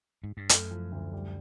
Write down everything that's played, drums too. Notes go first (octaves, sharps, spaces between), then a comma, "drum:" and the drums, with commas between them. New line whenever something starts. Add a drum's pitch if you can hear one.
G#2
G2
F#2 A3, drum: hi-hat
F3
D2
G3